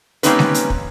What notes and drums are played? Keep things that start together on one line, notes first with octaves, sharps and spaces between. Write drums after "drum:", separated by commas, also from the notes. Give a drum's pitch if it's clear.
G3 A#3 C4 C#4 D#4 B4, drum: hi-hat
drum: snare G#3
drum: hi-hat
drum: kick